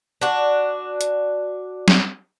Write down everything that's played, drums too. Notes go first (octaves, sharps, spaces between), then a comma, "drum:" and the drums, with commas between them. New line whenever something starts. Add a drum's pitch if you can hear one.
D4 F#4
drum: hi-hat
drum: snare